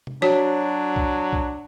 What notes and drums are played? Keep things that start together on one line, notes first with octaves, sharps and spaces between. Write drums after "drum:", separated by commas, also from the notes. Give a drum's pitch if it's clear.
drum: tom C3
F#3 D4 F#4 C#5, drum: snare
drum: kick B1
drum: kick B1